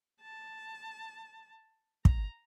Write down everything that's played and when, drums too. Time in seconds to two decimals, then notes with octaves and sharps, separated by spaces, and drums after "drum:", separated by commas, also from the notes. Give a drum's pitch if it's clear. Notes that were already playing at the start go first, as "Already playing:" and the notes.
0.22 A5
2.05 A#5, drum: kick